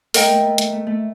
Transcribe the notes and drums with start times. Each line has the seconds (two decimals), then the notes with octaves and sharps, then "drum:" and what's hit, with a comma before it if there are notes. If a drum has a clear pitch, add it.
0.14 A3 A#4 D#5 G5, drum: open hi-hat
0.29 A3
0.43 A3
0.58 A3, drum: hi-hat
0.72 A3
0.87 A3